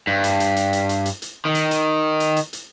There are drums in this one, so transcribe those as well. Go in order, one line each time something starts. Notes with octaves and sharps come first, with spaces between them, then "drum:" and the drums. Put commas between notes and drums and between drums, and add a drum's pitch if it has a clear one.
G2
drum: hi-hat
drum: hi-hat
drum: hi-hat
drum: hi-hat
drum: hi-hat
drum: hi-hat
drum: hi-hat
D#3
drum: hi-hat
drum: hi-hat
drum: hi-hat
drum: hi-hat
drum: hi-hat